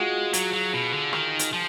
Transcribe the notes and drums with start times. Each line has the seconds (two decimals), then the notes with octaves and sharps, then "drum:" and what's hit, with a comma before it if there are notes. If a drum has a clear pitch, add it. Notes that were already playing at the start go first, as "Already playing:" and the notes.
Already playing: G#3 F4 F#4 G#4
0.33 F#3, drum: hi-hat
0.53 F#3
0.74 B2
0.93 D3
1.13 D#3, drum: rim click
1.39 drum: hi-hat
1.53 F3